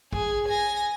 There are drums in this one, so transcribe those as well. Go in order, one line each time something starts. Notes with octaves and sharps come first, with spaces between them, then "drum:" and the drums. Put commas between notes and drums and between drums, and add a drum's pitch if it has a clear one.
G#4, drum: kick
G#5 A#6